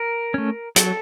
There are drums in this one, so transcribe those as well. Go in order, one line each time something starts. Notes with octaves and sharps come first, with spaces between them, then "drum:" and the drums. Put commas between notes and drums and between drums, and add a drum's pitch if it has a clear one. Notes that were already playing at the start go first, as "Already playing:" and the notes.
Already playing: A#4
A3 C#4
F#3 A4, drum: hi-hat